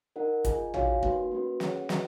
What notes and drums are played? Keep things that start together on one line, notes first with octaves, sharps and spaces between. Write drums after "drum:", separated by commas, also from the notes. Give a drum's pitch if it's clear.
D#4 A#4 D#5 F#5
F4 G#4 D#5 G#5, drum: kick, hi-hat
D#4 F#4 C#5 F5 G#5, drum: tom
A#3 D#4 F#4 B4, drum: kick
A#3 C#4 F#4 B4
C#4 G#4 C#5 F#5, drum: snare
F#4 B4 D#5, drum: snare